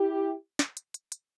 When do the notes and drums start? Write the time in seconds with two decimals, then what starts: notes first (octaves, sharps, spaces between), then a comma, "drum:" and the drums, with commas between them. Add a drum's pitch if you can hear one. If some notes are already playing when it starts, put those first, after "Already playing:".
Already playing: E4 G4
0.59 drum: snare
0.77 drum: hi-hat
0.94 drum: hi-hat
1.12 drum: hi-hat